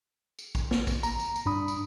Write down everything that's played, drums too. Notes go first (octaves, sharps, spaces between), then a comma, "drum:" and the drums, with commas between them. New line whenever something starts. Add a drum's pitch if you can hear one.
drum: tambourine
drum: kick, tambourine
drum: snare
drum: kick, tambourine
A#5, drum: tambourine
drum: tambourine
drum: tambourine
G2 D4 B5 D#6
drum: tambourine